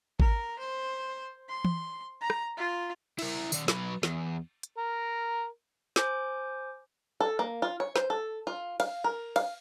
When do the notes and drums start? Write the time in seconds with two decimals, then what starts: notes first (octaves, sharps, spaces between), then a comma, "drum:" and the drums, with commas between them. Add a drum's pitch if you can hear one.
0.20 A#4, drum: kick G#1
0.59 C5
1.49 C6
1.65 drum: tom E3
2.21 A#5
2.30 drum: rim click
2.57 F4
3.19 E4 A#4, drum: cymbal
3.52 D#3 D5, drum: tambourine
3.68 F#3 B4, drum: snare
4.03 E2, drum: snare
4.63 drum: hi-hat
4.78 A#4
5.96 C5 G#5 D6 G6, drum: snare
7.20 A4
7.39 A#3
7.62 F4
7.80 C#5
7.96 C5, drum: snare
8.10 A4
8.47 F4
8.80 F5, drum: cymbal
9.04 A#4
9.36 F5, drum: cymbal